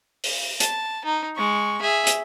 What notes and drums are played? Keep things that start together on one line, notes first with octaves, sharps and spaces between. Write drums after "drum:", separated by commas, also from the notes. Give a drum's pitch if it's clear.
drum: open hi-hat
A5, drum: hi-hat
D#4
G#3 C#6
G#4 E5
drum: hi-hat